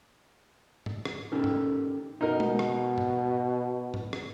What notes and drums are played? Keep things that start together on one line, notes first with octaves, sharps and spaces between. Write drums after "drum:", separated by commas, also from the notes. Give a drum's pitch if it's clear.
drum: tom G#2
drum: rim click
C#4 D#4 G4 A4 A#4
drum: tom G#2
B2 D#4 A#4
drum: tom G#3
drum: rim click
drum: tom G#2
drum: tom G#2
drum: rim click